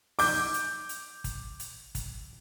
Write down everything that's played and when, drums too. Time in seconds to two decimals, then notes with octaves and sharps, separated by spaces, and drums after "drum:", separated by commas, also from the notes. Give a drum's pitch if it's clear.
0.19 D6 G6, drum: open hi-hat
0.54 drum: hi-hat
0.89 drum: hi-hat
1.24 drum: kick, hi-hat
1.60 drum: hi-hat
1.95 drum: kick, hi-hat